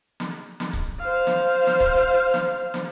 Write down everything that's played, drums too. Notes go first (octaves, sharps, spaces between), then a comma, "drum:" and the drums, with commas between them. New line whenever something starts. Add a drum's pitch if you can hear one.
drum: snare
drum: snare
drum: kick C#1
C5 F5
drum: snare
drum: snare
drum: kick C#1
drum: snare
drum: snare